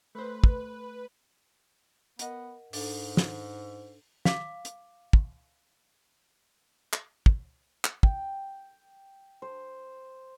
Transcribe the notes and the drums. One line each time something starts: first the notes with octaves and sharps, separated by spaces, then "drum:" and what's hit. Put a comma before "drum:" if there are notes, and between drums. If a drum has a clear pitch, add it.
A3 B4 C5
drum: kick
B3 A#4 D#5 F#5, drum: hi-hat
G#2 D4 A4, drum: open hi-hat
drum: snare
F5 D6, drum: snare
drum: hi-hat
drum: kick
drum: clap
drum: kick
drum: clap
G5, drum: kick
C5